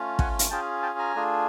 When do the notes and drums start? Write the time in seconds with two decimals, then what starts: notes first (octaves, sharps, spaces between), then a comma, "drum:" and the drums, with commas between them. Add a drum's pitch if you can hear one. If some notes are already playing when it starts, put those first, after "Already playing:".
Already playing: A3 C#4 F4
0.19 F#5 G#5, drum: kick
0.39 drum: hi-hat
0.51 C#4 F4 G#4 G5 A5
0.83 G5 A5
0.99 G#5 A#5
1.15 A3 D4 F4 G#4